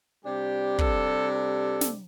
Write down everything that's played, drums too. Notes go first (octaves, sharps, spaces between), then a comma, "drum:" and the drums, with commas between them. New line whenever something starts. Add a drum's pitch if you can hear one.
C3 G3 D4 G4
A4, drum: kick
A4
drum: snare